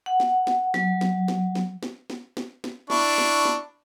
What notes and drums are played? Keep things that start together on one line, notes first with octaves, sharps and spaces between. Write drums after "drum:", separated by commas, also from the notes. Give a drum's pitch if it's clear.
F#5
drum: snare
drum: snare
F#3, drum: snare
drum: snare
drum: snare
drum: snare
drum: snare
drum: snare
drum: snare
drum: snare
D4 E4 C#6, drum: snare
drum: snare
drum: snare